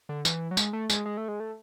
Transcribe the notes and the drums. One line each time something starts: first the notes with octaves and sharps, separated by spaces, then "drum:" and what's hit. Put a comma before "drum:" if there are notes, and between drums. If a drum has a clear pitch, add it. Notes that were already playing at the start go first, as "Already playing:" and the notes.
D3
E3, drum: tambourine
F#3
G#3, drum: tambourine
A3
G#3, drum: tambourine
G#3
A3
G#3
A3